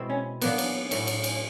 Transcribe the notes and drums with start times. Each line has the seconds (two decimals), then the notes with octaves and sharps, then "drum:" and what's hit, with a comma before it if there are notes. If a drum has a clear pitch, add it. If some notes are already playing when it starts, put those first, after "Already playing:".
Already playing: B2 G#3 C4 E4
0.10 C#4
0.41 A#2 F#3 A#3 B3 D4, drum: cymbal
0.58 drum: cymbal
0.91 A2 F#3 A3 C#4, drum: cymbal
1.07 drum: cymbal
1.24 drum: cymbal